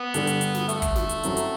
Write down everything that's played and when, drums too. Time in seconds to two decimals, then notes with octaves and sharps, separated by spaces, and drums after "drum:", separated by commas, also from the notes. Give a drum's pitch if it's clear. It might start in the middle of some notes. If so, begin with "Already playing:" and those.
Already playing: B3
0.14 G2 D3 G3 D4, drum: hi-hat
0.27 drum: hi-hat
0.41 drum: hi-hat
0.55 drum: snare
0.69 A3, drum: hi-hat
0.82 drum: kick, hi-hat
0.96 drum: snare
1.09 drum: hi-hat
1.23 F#2 F#3 C4 E4 A4, drum: hi-hat
1.37 drum: hi-hat